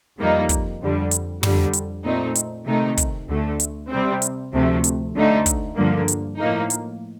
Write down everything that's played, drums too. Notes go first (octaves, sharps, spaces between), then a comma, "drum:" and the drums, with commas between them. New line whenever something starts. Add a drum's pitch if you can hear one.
F2 D#3 G3 A#3 D#4
drum: kick, hi-hat
F2 D3 G3
drum: hi-hat
F2 D3 G3, drum: tom
drum: hi-hat
A#2 A3 C4 D#4
drum: hi-hat
C3 D#3 A3 D#4
drum: kick, hi-hat
D2 D3 A3
drum: hi-hat
C3 G3 C4
drum: hi-hat
D2 C3 F3 A3
drum: hi-hat
D2 D3 A3 D#4
drum: kick, hi-hat
G2 D3 F3 A#3
drum: hi-hat
A2 F3 A#3 D#4
drum: hi-hat